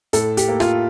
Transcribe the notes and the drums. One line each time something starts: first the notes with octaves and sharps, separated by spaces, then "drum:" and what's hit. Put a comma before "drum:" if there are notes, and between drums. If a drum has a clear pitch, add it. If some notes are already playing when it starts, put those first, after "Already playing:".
A2 A4, drum: hi-hat
G4, drum: hi-hat
A#3
F4, drum: rim click